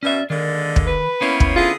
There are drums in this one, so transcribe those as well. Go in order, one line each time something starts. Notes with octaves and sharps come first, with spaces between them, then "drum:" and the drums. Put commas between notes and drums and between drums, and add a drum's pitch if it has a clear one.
B2 C#4 D5 E5
D3 D#3 G#3 A#3 D5
drum: kick
B4 B5
A#3 B3 C#4 E4 C5 C#5
drum: kick
D3 F4 G#4